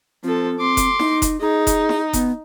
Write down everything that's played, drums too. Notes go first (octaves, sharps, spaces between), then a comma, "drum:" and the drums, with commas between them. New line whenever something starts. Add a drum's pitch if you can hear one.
F3 C4 A4
C4 C6 D6
drum: kick F1, hi-hat
D#4, drum: snare E4
drum: kick F1, hi-hat
D#4 G#4
drum: kick F1, hi-hat
drum: snare E4
B3, drum: kick F1, hi-hat